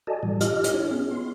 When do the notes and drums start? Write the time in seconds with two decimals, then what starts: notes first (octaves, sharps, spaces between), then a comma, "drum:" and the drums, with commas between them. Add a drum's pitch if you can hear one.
0.07 F#4 A4 D5 D#5 G#5 A5
0.23 A2 E3 G3
0.40 F4 G4 D#5 F6, drum: hi-hat
0.64 drum: hi-hat
0.74 D4 E4 F4 C#5
0.91 B3 C#4 G#4
1.11 B3 C6